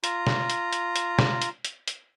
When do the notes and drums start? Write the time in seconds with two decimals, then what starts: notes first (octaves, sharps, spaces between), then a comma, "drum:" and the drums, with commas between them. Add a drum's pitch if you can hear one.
0.04 F4 A#5, drum: hi-hat
0.27 drum: snare
0.50 drum: hi-hat
0.73 drum: hi-hat
0.96 drum: hi-hat
1.19 drum: snare
1.42 drum: hi-hat
1.65 drum: hi-hat
1.88 drum: hi-hat